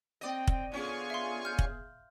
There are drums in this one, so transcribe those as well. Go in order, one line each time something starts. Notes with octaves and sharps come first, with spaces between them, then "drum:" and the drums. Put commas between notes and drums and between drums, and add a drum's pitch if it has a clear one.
C4 D5 D#5 G5
drum: kick
D3 B3 C#4 F4 G#4 G#5 C#6
E5 F5 C6
F6 G6
drum: kick